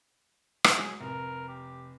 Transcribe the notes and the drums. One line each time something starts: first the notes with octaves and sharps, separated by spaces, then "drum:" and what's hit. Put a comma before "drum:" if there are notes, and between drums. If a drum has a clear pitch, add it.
drum: rim click
F#3 G#3 G#4
F1 A#4
G4